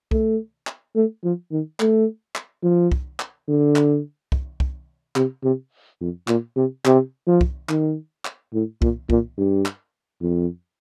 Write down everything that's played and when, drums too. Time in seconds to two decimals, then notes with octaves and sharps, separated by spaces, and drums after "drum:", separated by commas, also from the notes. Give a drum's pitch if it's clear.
0.11 A3, drum: kick
0.67 drum: clap
0.95 A3
1.24 F3
1.52 D#3
1.80 A3, drum: clap
2.35 drum: clap
2.63 F3
2.92 drum: kick
3.20 drum: clap
3.48 D3
3.76 drum: clap
4.32 drum: kick
4.60 drum: kick
5.16 C3, drum: clap
5.44 C3
6.01 F2
6.28 A#2, drum: clap
6.56 C3
6.85 C3, drum: clap
7.27 F3
7.41 drum: kick
7.69 D#3, drum: clap
8.25 drum: clap
8.54 A2
8.82 A#2, drum: kick
9.10 A#2, drum: kick
9.38 G2
9.65 drum: clap
10.21 F2